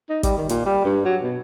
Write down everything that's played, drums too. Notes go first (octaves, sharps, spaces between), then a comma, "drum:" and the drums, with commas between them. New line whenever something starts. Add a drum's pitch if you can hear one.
D#4
G3, drum: kick, hi-hat
D#3
A#2, drum: hi-hat
G3
G2
F#3
B2